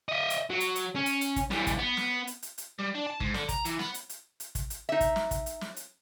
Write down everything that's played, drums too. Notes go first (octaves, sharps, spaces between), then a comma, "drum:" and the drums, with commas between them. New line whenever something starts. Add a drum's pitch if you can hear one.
D#5 E5
drum: hi-hat
F#3
drum: hi-hat
drum: hi-hat
C#4
drum: hi-hat
drum: hi-hat
drum: kick, hi-hat
E3 G3, drum: snare
drum: kick, hi-hat
B3
drum: snare
drum: hi-hat
drum: hi-hat
drum: hi-hat
G3
D4
A5
G#2, drum: kick
D3, drum: snare
A#5, drum: kick, hi-hat
E3, drum: hi-hat
B3, drum: snare
drum: hi-hat
drum: hi-hat
drum: hi-hat
drum: kick, hi-hat
drum: hi-hat
D#4 E5
drum: kick, hi-hat
drum: snare
drum: kick, hi-hat
drum: hi-hat
drum: snare
drum: hi-hat